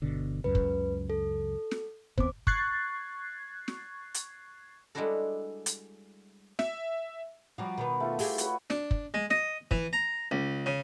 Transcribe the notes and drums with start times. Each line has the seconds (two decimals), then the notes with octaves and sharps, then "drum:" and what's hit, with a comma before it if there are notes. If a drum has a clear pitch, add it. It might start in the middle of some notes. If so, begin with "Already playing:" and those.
0.02 G1 B2 D3
0.44 C#2 F#2 C#3 B4
0.55 drum: kick
1.10 A4
1.71 drum: snare
2.18 D#2 B3 C4 C5 D6, drum: kick
2.47 C#6 F#6 G#6 A6 C7, drum: kick
3.68 drum: snare
4.14 drum: hi-hat
4.95 G3 G#3 D4 E4 F#4 A4
5.66 drum: hi-hat
6.59 E5, drum: snare
7.58 F3 G3 F#4 A#5 D6
7.78 B2 D#3 B3 B4
8.00 A3 F4 A4
8.19 E4 G4 G#4, drum: open hi-hat
8.38 F#4 B4 C#5, drum: hi-hat
8.70 D4, drum: snare
8.91 drum: kick
9.14 G#3
9.30 D#5, drum: snare
9.71 E3, drum: kick
9.93 A#5
10.31 C#2
10.66 C#3